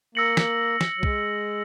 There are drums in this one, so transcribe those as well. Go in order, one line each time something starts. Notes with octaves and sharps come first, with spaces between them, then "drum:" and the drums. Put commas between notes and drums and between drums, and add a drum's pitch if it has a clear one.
A#3 E6 A#6 C#7 F#7
drum: snare
drum: snare
F#3
G#3, drum: kick